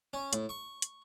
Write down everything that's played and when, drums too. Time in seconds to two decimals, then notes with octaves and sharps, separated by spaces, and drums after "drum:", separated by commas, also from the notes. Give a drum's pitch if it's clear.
0.13 C#4
0.33 A2, drum: hi-hat
0.49 C#6
0.82 drum: hi-hat